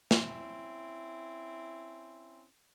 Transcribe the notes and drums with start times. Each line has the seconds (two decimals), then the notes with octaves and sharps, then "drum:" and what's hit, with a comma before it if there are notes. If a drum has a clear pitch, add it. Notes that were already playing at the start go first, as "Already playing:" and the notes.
0.11 C4 C#4 E4, drum: snare